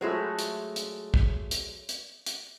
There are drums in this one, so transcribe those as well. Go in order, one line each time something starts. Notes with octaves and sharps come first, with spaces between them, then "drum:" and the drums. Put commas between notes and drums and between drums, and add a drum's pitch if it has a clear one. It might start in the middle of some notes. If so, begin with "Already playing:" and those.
F#3 G#3 A3 F4 C5
drum: hi-hat
drum: hi-hat
drum: kick
drum: hi-hat
drum: hi-hat
drum: hi-hat